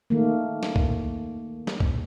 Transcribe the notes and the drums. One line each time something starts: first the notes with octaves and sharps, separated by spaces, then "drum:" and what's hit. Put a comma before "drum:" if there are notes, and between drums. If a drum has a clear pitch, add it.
D#3 A3 A#3
drum: snare
drum: kick C2
drum: snare
drum: kick C2